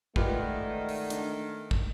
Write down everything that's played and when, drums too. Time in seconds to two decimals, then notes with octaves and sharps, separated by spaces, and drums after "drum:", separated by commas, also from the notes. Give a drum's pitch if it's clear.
0.16 D#3 G#3 A3 F4 G4 B4 D5 F#5, drum: kick
0.89 drum: open hi-hat
1.10 D4, drum: hi-hat
1.71 drum: kick